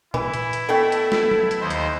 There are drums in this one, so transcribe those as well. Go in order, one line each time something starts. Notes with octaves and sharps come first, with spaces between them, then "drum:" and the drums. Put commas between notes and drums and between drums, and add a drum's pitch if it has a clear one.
E3 E4, drum: tom A#2
drum: hi-hat
drum: hi-hat
B2 A3 A4 G5
drum: hi-hat
drum: snare
drum: tom F#3
drum: hi-hat
D#2 C5 D#5
drum: hi-hat